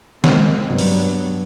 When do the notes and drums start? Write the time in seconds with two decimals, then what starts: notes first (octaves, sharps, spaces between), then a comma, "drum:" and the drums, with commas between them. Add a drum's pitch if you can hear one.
0.24 G#3 A#3 C4, drum: snare
0.66 G2 F#3 B3
0.78 drum: open hi-hat